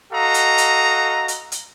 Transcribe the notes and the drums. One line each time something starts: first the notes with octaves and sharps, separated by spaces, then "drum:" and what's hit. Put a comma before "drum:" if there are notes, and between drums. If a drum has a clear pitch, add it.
F#4 A4 D#5 F5 A#5
drum: hi-hat
drum: hi-hat
drum: hi-hat
drum: hi-hat